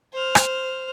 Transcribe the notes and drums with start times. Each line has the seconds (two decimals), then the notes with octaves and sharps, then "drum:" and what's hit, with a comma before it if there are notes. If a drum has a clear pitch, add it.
0.13 C5 F6
0.35 drum: rim click